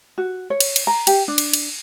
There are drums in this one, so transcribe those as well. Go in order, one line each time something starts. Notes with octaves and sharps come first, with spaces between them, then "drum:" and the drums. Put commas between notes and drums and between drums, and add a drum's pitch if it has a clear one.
F#4
C#5
drum: cymbal
drum: cymbal
A#5
G4, drum: cymbal
D4
drum: cymbal
drum: cymbal